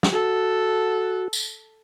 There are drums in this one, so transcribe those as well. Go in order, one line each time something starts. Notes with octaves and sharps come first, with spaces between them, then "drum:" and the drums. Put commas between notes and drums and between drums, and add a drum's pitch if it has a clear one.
drum: snare
F#4 A4
drum: tambourine